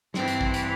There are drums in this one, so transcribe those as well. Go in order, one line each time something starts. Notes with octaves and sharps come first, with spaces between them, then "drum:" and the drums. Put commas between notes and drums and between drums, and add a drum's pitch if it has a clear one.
G2 E3 C4, drum: snare
drum: hi-hat
drum: kick
drum: hi-hat